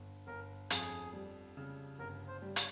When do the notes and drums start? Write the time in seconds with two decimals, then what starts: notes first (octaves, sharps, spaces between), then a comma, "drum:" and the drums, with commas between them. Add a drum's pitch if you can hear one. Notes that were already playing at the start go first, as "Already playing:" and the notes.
Already playing: G1
0.27 G1 A#4
0.70 F2 G#4, drum: hi-hat
1.13 G3
1.57 C#3
1.99 G1 A#4
2.28 C5
2.42 G3
2.56 C#5, drum: hi-hat